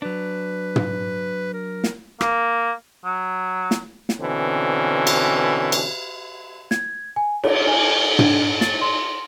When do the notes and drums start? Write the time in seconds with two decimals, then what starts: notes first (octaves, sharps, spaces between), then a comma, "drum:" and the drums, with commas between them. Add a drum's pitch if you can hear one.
0.02 F#3 D4 B4
0.76 drum: tom
1.54 A#4
1.84 drum: snare
2.21 A#3, drum: rim click
3.04 F#3
3.71 drum: snare
4.09 drum: snare
4.21 B2 D3 E3 C4 C#4
5.07 drum: cymbal
5.72 drum: cymbal
6.71 G#6, drum: snare
7.16 G#5
7.44 C#5, drum: cymbal
7.68 G#5
8.19 D4, drum: tom
8.61 A6, drum: snare
8.81 C6